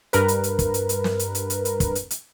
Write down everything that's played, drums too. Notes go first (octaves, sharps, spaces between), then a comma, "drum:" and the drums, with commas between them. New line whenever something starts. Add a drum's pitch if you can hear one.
G2 A#4 B4, drum: hi-hat
drum: hi-hat
drum: hi-hat
drum: kick, hi-hat
drum: hi-hat
drum: hi-hat
drum: snare
drum: hi-hat
drum: hi-hat
drum: hi-hat
drum: hi-hat
drum: kick, hi-hat
drum: hi-hat
drum: hi-hat